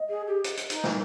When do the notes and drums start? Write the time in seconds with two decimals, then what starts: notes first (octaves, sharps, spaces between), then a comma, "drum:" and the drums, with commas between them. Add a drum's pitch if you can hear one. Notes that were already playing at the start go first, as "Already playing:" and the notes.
Already playing: D#5
0.09 G#4
0.27 G4
0.44 drum: hi-hat
0.57 drum: hi-hat
0.70 D#4, drum: hi-hat
0.84 drum: snare